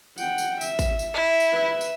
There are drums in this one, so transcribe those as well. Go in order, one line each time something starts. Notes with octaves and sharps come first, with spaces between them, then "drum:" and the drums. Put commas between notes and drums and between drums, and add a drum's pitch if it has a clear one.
F#5 G5, drum: tambourine
drum: tambourine
E5, drum: tambourine
drum: kick A1, tambourine
drum: tambourine
E4
drum: tambourine
B4 E5
drum: tambourine